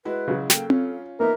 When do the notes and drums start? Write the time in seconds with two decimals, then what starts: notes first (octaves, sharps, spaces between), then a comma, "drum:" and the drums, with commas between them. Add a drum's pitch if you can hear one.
0.05 G#3 E4 F#4 B4
0.28 C#3 F#3
0.50 A#3 A4 G5, drum: snare
0.70 C#4 F4, drum: tom C4
1.20 A#3 B3 D#4 A#4 E5